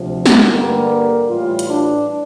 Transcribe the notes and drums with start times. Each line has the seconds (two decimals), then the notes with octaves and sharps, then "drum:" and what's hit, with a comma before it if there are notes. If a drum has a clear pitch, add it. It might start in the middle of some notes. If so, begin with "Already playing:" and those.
Already playing: D2 C3 F3
0.26 drum: snare
0.47 G2 D3 G3 A#3
1.27 A2 E3 G3 F4
1.59 drum: hi-hat
1.68 D4